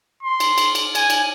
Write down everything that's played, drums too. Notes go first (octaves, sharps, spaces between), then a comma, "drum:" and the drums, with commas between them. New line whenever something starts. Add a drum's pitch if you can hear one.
C6
drum: cymbal
drum: cymbal
drum: cymbal
G#5, drum: cymbal
drum: cymbal